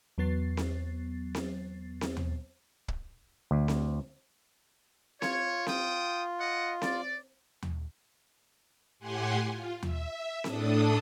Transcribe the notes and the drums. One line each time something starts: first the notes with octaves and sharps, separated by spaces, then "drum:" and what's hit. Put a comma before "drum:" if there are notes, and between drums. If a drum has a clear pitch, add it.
E2 F#3 B3 A6 C7
drum: snare C4
drum: snare C4
drum: snare C4
drum: tom D#2
drum: kick
D2
drum: snare C4
F4 C#5, drum: snare C4
G5 D#6, drum: snare C4
D#5 F#5
D5, drum: snare C4
drum: tom D#2
A2 G4 F#5 G#5 C6
F4
E5, drum: tom D#2
A2 D4 A4 D#6, drum: snare C4